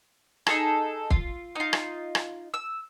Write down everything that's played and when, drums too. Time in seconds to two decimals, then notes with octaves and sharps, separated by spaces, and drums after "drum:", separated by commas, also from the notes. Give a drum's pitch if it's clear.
0.47 D#4 G#4 A4, drum: rim click
1.10 F4, drum: kick
1.56 D#4 F4
1.73 drum: rim click
2.15 drum: rim click
2.54 E6